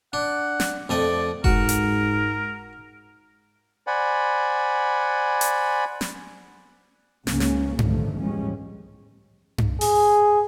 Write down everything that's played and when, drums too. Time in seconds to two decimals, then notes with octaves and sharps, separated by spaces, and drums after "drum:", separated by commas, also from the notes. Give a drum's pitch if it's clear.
0.13 D4 F#5
0.60 drum: snare
0.89 F2 A3 D5 D#5
1.44 G#2 F#4 A#4, drum: kick F1
1.69 drum: hi-hat
3.87 C5 D5 F#5 G#5 B5
5.41 drum: hi-hat
6.01 drum: snare
7.27 C#2 G#2 C#3 A#3 C#4, drum: snare
7.40 drum: snare
7.79 A1 G2 D3 D#3 F3 A3, drum: tom G2
8.17 A1 E2 F3 G3 G#3 C#4
9.58 drum: tom G2
9.81 G#4, drum: open hi-hat